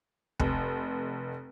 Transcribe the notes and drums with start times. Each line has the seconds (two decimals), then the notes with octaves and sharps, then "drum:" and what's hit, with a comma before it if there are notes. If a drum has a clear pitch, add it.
0.40 F1, drum: kick